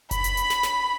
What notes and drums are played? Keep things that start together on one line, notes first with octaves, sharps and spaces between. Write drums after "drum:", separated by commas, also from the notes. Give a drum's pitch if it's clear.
B5, drum: kick F#1, hi-hat
drum: hi-hat
drum: hi-hat
drum: snare
drum: snare